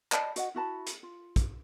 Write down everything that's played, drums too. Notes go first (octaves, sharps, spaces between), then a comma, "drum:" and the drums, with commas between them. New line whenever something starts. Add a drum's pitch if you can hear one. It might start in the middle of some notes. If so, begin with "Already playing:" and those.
D5 D#5 A5 B5, drum: clap
F#4 D#5 F#5, drum: hi-hat
E4 F#4 A5 B5
drum: hi-hat
F4
drum: kick, hi-hat